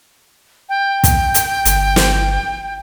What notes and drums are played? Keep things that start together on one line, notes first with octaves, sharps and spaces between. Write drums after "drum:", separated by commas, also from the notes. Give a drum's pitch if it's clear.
G5
drum: kick, hi-hat
drum: hi-hat
G1, drum: hi-hat
drum: snare